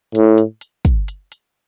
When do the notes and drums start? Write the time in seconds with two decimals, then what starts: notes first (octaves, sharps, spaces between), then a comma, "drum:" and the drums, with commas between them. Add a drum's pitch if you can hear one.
0.15 A2, drum: hi-hat
0.38 drum: hi-hat
0.61 drum: hi-hat
0.85 drum: kick, hi-hat
1.08 drum: hi-hat
1.32 drum: hi-hat